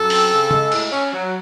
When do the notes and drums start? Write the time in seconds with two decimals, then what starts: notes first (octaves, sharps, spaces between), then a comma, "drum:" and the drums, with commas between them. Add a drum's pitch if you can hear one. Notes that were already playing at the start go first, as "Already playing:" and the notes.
Already playing: F#2 A4
0.10 C4, drum: open hi-hat
0.31 C#3
0.51 G#3, drum: tom C#3
0.72 A2, drum: cymbal
0.92 C#4
1.12 F#3